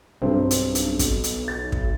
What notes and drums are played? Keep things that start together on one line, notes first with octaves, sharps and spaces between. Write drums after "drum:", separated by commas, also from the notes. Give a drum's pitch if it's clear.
B1 G2 C4
drum: hi-hat
drum: hi-hat
drum: kick, hi-hat
drum: hi-hat
A6
drum: kick